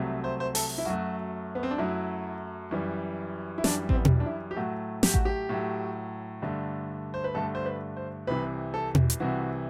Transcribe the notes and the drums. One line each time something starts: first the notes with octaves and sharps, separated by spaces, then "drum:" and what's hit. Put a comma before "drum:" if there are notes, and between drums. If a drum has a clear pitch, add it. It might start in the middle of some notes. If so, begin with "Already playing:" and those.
Already playing: C2 C3 F#3 A3
C5
C5
A4, drum: open hi-hat
E4
F#2 F#3 A3 F#4
B3
C4
D4
F#2 F#3 A3 E4
F#2 E3 G3
E4
F#2 E3 G3 D4, drum: snare
C4, drum: kick A1
B3
drum: tom
D4
E4
G4
A2 F#3 A3 F#4
G4, drum: snare
F#4, drum: kick A1
G4
A2 F#3 A3
G2 D3 A3
C5
B4
G2 D3 A3 A4
C5
B4
C5
C2 C3 E3 B4
A4
drum: tom
drum: hi-hat
C2 C3 E3 F#4